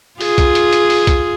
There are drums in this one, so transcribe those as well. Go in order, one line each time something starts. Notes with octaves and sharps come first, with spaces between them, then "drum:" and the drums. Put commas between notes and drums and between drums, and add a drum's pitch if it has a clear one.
F4 G#4, drum: open hi-hat
drum: kick B1, hi-hat
drum: hi-hat
drum: hi-hat
drum: open hi-hat
drum: kick B1, hi-hat